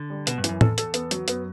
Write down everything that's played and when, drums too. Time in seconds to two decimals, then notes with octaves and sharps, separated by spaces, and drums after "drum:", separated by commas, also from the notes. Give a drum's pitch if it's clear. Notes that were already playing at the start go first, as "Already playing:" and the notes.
Already playing: D3
0.10 G3
0.27 B2 B3, drum: hi-hat
0.38 G2
0.44 F#2 E3, drum: hi-hat
0.61 E2 A4, drum: tom A2
0.78 E2 A4, drum: hi-hat
0.94 B3, drum: hi-hat
1.11 F#3, drum: hi-hat
1.28 F#2 B3, drum: hi-hat